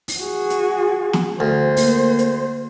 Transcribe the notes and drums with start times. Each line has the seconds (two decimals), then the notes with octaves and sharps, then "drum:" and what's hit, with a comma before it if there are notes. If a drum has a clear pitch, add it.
0.08 drum: open hi-hat
0.20 F#4 G#4
0.50 drum: hi-hat
1.13 drum: snare
1.40 D2 C5
1.77 A#3, drum: open hi-hat
2.19 drum: hi-hat